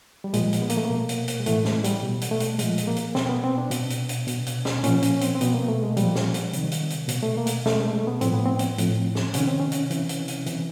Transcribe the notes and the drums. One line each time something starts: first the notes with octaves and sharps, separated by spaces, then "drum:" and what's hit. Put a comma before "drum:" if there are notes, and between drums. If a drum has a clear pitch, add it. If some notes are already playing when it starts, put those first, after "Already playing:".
G3
A#2 F3 G#3, drum: hi-hat
drum: hi-hat
B3
A#3, drum: hi-hat
A3
B2 A#3
drum: hi-hat
drum: hi-hat
G#3
A2 E3 A3, drum: hi-hat
G#3, drum: snare
G3, drum: hi-hat
B2
drum: hi-hat
A3
drum: hi-hat
A#2 F3 G#3, drum: hi-hat
drum: hi-hat
A#3
drum: hi-hat
B2 C4, drum: snare
B3
C4
D4
B2, drum: hi-hat
drum: hi-hat
drum: hi-hat
B2, drum: hi-hat
drum: hi-hat
drum: snare
A#2 F3 C#4, drum: hi-hat
C#4, drum: hi-hat
C4, drum: hi-hat
C4
B2 B3, drum: hi-hat
A#3
A3
G#3
A#2 F3 G3, drum: hi-hat
drum: snare
drum: hi-hat
C3 D#3, drum: hi-hat
drum: hi-hat
drum: hi-hat
B2, drum: hi-hat
A3
A#3
drum: hi-hat
B2 A3, drum: snare
G#3
A3
B3
A2 F3 C4, drum: hi-hat
B3
C4
drum: hi-hat
A2 F3, drum: hi-hat
drum: snare
C3 D#3 C#4, drum: hi-hat
C4
C#4
drum: hi-hat
C3 E3, drum: hi-hat
drum: hi-hat
drum: hi-hat
C3 E3, drum: hi-hat